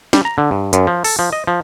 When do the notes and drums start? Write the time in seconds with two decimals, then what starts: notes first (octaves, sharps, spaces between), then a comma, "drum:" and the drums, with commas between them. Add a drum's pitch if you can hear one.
0.13 G3, drum: snare
0.25 A#5
0.38 D3
0.51 G2
0.73 F#2, drum: hi-hat
0.87 F3
1.04 A4, drum: open hi-hat
1.19 F3
1.33 D#5
1.47 F3